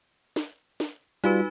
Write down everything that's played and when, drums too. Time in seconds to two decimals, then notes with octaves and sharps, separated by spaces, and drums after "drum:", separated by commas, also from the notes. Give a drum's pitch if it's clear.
0.36 drum: snare
0.80 drum: snare
1.24 G3 D#4 F4 F#4 B4